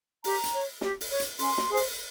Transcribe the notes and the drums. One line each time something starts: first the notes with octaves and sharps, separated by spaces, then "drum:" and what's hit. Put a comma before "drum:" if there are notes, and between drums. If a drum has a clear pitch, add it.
G4 A#5, drum: open hi-hat
drum: hi-hat
C#5
G4, drum: snare
drum: open hi-hat
C#5
drum: hi-hat
C#4 C6, drum: open hi-hat
drum: snare
G#4 C5
drum: open hi-hat